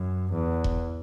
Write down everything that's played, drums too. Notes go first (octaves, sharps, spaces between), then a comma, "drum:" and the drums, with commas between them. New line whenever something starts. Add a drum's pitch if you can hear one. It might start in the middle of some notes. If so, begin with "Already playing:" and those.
Already playing: F#2
E2
drum: kick E1